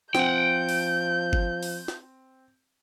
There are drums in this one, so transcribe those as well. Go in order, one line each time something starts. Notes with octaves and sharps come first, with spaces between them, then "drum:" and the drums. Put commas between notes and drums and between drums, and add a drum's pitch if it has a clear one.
F3 C4 F#5 G5 G6, drum: snare
drum: open hi-hat
drum: kick G1
drum: open hi-hat
drum: snare